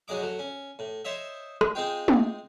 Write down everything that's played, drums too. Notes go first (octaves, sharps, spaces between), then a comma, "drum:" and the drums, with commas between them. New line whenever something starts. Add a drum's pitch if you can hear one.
G#2 F#3 G#3 D#5 D6
F#3 A3
C#4
A2
C5 C#5 D#5 E5
drum: rim click
G#3 C4 D#4 F4 G5
drum: tom